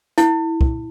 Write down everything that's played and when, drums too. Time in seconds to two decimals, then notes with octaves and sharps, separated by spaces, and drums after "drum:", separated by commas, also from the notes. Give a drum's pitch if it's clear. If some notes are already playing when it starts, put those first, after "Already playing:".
0.18 E4, drum: hi-hat
0.61 drum: kick